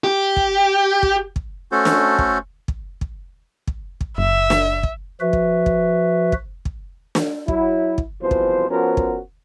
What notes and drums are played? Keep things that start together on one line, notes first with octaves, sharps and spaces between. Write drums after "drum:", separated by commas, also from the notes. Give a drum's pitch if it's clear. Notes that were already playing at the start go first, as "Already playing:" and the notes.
G4
drum: kick
drum: kick
drum: kick
A3 C#4 F#4 A4 C5
drum: snare
drum: kick
drum: kick
drum: kick
drum: kick
drum: kick
F#1 E5
drum: snare
drum: kick
F3 F#4 B4 E5
drum: kick
drum: kick
drum: kick
drum: kick
drum: snare
F#3 E4, drum: kick
drum: kick
C2 B2 E3 F3 C5
drum: kick
F3 B3 C#4 F#4 A#4 C5
drum: kick